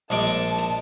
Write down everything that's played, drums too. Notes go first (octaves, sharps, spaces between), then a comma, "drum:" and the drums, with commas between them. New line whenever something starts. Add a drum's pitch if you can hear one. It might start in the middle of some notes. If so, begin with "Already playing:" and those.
A#1 G#3 A5 D6
drum: hi-hat
drum: hi-hat